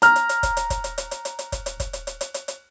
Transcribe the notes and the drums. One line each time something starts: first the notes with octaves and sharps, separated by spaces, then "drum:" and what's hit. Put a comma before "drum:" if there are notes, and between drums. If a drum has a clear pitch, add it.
A#5 F6, drum: hi-hat
drum: hi-hat
drum: hi-hat
drum: kick, hi-hat
drum: hi-hat
drum: kick, hi-hat
drum: hi-hat
drum: hi-hat
drum: hi-hat
drum: hi-hat
drum: hi-hat
drum: kick, hi-hat
drum: hi-hat
drum: kick, hi-hat
drum: hi-hat
drum: hi-hat
drum: hi-hat
drum: hi-hat
drum: hi-hat